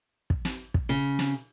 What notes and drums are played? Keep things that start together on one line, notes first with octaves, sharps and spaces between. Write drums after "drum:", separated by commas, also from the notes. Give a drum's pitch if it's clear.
drum: kick
drum: snare
drum: kick
C#3
drum: snare